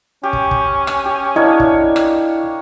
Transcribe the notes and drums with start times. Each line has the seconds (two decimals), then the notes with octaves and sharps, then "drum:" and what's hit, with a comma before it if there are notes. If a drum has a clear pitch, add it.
0.23 C#4 G4
0.33 drum: kick
0.51 drum: kick
0.87 drum: rim click
1.05 G4
1.36 A#3 D4 E4 C#5 D#5
1.60 drum: kick
1.96 drum: rim click